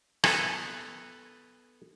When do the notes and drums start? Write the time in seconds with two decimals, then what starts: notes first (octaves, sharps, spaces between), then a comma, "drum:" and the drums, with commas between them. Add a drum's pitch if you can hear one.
0.24 B3 A4 B4, drum: rim click